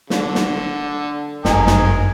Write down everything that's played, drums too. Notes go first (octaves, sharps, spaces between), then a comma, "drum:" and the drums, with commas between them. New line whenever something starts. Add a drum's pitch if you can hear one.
D3, drum: snare
drum: snare
G1 F#2 A#4 D#5 G#5, drum: snare
drum: snare